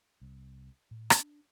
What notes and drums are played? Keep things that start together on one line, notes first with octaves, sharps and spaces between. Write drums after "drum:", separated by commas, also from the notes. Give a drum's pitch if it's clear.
C2
A2
D4, drum: rim click